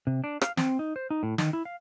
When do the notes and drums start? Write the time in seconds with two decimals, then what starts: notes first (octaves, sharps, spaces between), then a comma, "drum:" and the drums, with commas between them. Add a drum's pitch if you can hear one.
0.07 C3
0.24 D4
0.41 F5, drum: rim click
0.57 C4, drum: snare
0.79 D#4
0.96 C5
1.10 D#4
1.23 A2
1.38 D#3, drum: snare
1.53 E4
1.65 F5